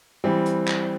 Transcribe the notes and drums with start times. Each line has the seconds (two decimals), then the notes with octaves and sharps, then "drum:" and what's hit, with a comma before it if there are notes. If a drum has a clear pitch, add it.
0.24 E3 G3 C4
0.46 drum: hi-hat
0.68 drum: clap